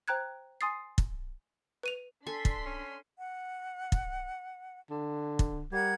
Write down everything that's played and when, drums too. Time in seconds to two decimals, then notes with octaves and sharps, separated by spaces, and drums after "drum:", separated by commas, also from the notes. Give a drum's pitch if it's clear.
0.08 C5 G5 A#5 F#6 G#6
0.61 G#5 C6 D#6 A6 C7
0.98 drum: kick
1.83 B4 D#7 F7
2.27 D4 A4 G#5 C6 B6
2.45 drum: kick
2.66 C#4
3.18 F#5
3.92 drum: kick
4.90 D3
5.39 drum: kick
5.72 G3 A#4 F#5 G#6